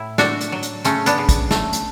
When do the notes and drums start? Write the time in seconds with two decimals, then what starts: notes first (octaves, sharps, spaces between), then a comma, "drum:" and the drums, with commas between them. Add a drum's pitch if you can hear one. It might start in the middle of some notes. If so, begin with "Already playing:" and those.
Already playing: A2 E4
0.18 A3 D4 F#4, drum: snare
0.41 drum: hi-hat
0.52 F#3
0.63 drum: hi-hat
0.84 C#3 A3 C#4, drum: hi-hat
1.06 B3 D4, drum: hi-hat
1.18 C#3
1.29 drum: kick, hi-hat
1.51 A3, drum: snare
1.73 drum: hi-hat